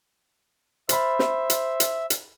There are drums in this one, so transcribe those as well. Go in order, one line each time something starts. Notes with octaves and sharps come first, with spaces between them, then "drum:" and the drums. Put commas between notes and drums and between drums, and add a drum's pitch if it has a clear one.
C5 E5 B5 F6 A6, drum: hi-hat
drum: snare
drum: hi-hat
drum: hi-hat
drum: hi-hat